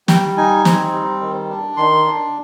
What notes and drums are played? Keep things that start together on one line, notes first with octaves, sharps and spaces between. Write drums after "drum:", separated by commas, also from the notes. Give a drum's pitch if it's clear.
G3 G5, drum: snare
D#4 G#5
C4, drum: snare
G3
D#3
D4
D#3 C6
D4